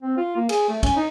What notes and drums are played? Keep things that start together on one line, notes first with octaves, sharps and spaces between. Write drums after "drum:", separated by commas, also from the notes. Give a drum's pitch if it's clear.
C4
F4
A#3
G#4, drum: cymbal
A3
C#4, drum: kick, cymbal
D#4